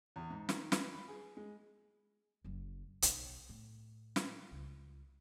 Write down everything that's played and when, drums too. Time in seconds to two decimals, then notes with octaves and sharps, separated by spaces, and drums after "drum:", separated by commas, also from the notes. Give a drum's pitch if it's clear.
0.16 E2
0.30 G#2
0.49 D#3, drum: snare
0.72 B4, drum: snare
0.93 B5
1.08 G#4
1.37 G#3
2.44 F#1 F#3
3.02 B1 D#3, drum: hi-hat
3.49 A2
4.16 drum: snare
4.51 C#2